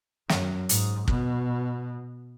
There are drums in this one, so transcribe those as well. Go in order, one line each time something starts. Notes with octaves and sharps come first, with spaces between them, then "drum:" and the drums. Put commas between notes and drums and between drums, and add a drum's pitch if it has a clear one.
F#2, drum: snare
G#2, drum: hi-hat
B2, drum: kick